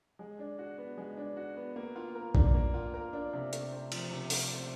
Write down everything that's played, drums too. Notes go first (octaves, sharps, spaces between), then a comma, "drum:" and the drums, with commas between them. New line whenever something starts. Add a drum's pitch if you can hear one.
G#3
D4
F#4
B3
G#3
D4
F#4
B3
A#3
F4
A#4
D4, drum: kick
A#3
F4
A#4
D4
C3
A3, drum: hi-hat
C4
F3, drum: cymbal
C3
A3, drum: open hi-hat
C4